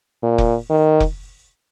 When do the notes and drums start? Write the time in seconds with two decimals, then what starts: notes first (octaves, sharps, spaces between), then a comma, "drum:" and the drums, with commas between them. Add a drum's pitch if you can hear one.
0.23 A#2
0.38 drum: kick F1
0.70 D#3
1.00 drum: kick F1